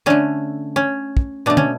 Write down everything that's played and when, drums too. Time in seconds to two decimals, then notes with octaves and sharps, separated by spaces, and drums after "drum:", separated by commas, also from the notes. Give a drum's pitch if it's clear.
0.06 D3 A3 C#4
0.76 C#4
1.17 drum: kick
1.46 B2 A3 D4
1.57 C#4, drum: tom